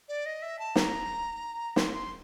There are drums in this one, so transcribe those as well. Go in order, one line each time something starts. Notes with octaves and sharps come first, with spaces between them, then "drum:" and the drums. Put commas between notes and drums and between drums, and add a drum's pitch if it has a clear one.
D5
D#5
E5
A5
A#5, drum: snare
C6, drum: snare
C6